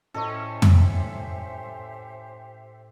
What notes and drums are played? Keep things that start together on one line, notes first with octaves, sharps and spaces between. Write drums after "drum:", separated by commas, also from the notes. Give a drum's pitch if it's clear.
A2 C#4 G4 A4 C5 D#5 E5 C#6
drum: tom